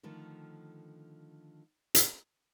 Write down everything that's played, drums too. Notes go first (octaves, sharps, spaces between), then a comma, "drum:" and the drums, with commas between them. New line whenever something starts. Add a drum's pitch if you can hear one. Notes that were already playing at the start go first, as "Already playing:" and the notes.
D3 D#3 F3 A3
drum: hi-hat